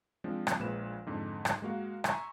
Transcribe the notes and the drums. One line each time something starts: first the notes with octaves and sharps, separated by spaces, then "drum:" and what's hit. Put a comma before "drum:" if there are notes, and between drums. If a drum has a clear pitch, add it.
F3 G#3 C4 D4
drum: rim click
A#1 A#2 G#3 B4 E7
F2 G#2 D3
drum: rim click
G#3 A#3 F#4 F5
E5 G#5 A#5 C6 C#6, drum: rim click